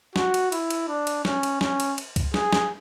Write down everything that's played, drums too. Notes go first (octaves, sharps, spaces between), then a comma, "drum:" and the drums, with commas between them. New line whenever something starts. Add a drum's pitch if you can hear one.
F#4, drum: snare
drum: cymbal
E4, drum: cymbal
drum: cymbal
D4
drum: cymbal
C#4, drum: snare
drum: cymbal
C#4, drum: snare
drum: cymbal
drum: cymbal
drum: kick C2, cymbal
G#4, drum: snare
drum: snare